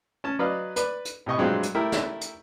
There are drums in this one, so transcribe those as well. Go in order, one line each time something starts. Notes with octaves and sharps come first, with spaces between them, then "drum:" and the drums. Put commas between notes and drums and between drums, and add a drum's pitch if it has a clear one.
C#4 A5
F#3 B4 D5 D#5 F5
B4 D5, drum: hi-hat
drum: hi-hat
A2 C3 D#5 C#6
G2 F#3 G#3 C4 F4 G4
drum: hi-hat
A3 E4 G4 A#4
drum: snare
drum: hi-hat